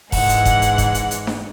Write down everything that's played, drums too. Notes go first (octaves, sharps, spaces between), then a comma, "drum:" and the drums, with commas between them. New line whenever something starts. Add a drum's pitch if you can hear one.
G#2 E3 G#3 F#5, drum: kick F1, open hi-hat
drum: hi-hat
drum: kick F1, hi-hat
drum: hi-hat
drum: kick F1, hi-hat
drum: hi-hat
drum: hi-hat
drum: snare D4